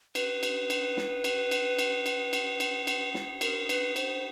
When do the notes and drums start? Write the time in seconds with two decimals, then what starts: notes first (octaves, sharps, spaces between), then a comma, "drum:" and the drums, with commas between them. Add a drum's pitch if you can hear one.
0.15 B4, drum: cymbal
0.43 drum: cymbal
0.70 drum: cymbal
0.97 drum: snare
1.24 drum: cymbal
1.51 drum: cymbal
1.79 drum: cymbal
2.06 drum: cymbal
2.33 drum: cymbal
2.60 drum: cymbal
2.87 drum: cymbal
3.14 drum: snare
3.41 A#4, drum: cymbal
3.69 B4, drum: cymbal
3.96 C5, drum: cymbal